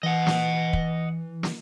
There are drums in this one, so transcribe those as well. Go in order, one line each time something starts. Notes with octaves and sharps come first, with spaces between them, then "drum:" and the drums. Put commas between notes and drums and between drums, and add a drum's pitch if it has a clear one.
E3 D#5 F#5
drum: snare
drum: kick
drum: snare